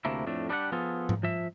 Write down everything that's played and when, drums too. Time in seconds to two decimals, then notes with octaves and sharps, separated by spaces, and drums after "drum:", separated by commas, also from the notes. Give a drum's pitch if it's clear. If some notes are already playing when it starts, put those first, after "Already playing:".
0.05 D2 C3 A3 A#3 E4
0.27 F2 A2 A3 D4
0.49 G3 D4 G4 D5 F#5
0.72 F3 B3 F4 G#4 A4
1.09 drum: tom G#2
1.23 F3 E5